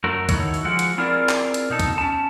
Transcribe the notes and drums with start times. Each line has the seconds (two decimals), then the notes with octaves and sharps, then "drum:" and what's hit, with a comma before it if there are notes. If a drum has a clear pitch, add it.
0.04 F#2 A3 F#4 A#4
0.29 D#3 E4 F#4 A4 C#5, drum: kick, hi-hat
0.54 drum: open hi-hat
0.65 F3 G#3 F4 F#4 F#5
0.79 drum: hi-hat
0.98 C4 E4 F4 G#4 A#4 D5
1.29 drum: clap
1.54 drum: hi-hat
1.70 B2 D#4 A4
1.79 drum: kick, hi-hat
1.98 C#4 A5